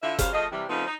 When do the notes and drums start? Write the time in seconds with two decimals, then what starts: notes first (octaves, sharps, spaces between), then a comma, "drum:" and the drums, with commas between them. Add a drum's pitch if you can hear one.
0.03 D3 E4 F4 E5
0.19 F#2 C#3 G3 C5 F5, drum: kick F#1, hi-hat
0.33 F3 A3 G#4 D#5
0.51 C3 E3 G3
0.69 C#3 F3 A3 B3 C4 D#4
0.86 D#4